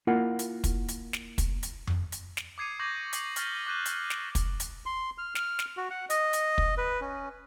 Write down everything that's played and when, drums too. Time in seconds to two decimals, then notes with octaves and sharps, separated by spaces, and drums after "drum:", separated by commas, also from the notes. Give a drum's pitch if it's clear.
0.07 A#3 E4 F4 A#4 F#5
0.39 drum: hi-hat
0.64 drum: kick, hi-hat
0.88 drum: hi-hat
1.13 drum: snare
1.38 drum: kick, hi-hat
1.63 drum: hi-hat
1.87 drum: tom F2
2.12 drum: hi-hat
2.37 drum: snare
2.58 D6 D#6 G#6 C7 C#7 D#7
2.79 C#6 D6 G6 G#6 A#6 F#7
3.13 D#6 C7 F#7, drum: hi-hat
3.36 C#6 F6 G6 A6 B6 G7, drum: hi-hat
3.67 D6 F#6 G6 D#7 E7
3.85 drum: hi-hat
4.10 drum: snare
4.35 drum: kick, hi-hat
4.60 drum: hi-hat
4.86 C6
5.18 F6
5.35 F6, drum: snare
5.59 drum: snare
5.77 F#4
5.90 F#5
6.10 D#5, drum: hi-hat
6.33 drum: hi-hat
6.58 drum: kick
6.78 B4
7.01 C#4